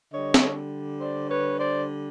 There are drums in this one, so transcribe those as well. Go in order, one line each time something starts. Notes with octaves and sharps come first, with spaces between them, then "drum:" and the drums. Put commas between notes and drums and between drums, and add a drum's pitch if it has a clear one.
D3 G3 C#5 D#5
drum: snare
C5 D5
B4 C#5
C5 D5